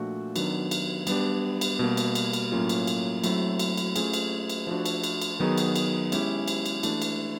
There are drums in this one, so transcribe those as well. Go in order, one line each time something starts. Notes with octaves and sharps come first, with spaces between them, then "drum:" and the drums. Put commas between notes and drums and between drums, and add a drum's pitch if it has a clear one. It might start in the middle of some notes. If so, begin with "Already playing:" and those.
Already playing: A#2 F3 A3 D4 F#4
D#3 F#3 B3 D4, drum: cymbal
drum: cymbal
G3 B3 D4 G4, drum: cymbal
drum: cymbal
B2 G3 A#3
drum: cymbal
drum: cymbal
drum: cymbal
A2 F#3 A#3 C#4 F4
drum: cymbal
drum: cymbal
F#3 A3 C4 E4, drum: cymbal
drum: cymbal
drum: cymbal
A3 C#4 F4 G#4, drum: cymbal
drum: cymbal
drum: cymbal
F3 A3 D4 F#4
drum: cymbal
drum: cymbal
drum: cymbal
D#3 F#3 B3 D#4 G#4
drum: cymbal
drum: cymbal
G#3 C#4 E4 G4, drum: cymbal
drum: cymbal
drum: cymbal
E3 A3 D4, drum: cymbal
drum: cymbal